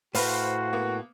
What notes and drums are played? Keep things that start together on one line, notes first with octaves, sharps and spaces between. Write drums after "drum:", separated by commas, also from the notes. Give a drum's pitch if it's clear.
A2 F#4 B4 C5 F5 B5, drum: open hi-hat
A#3 B3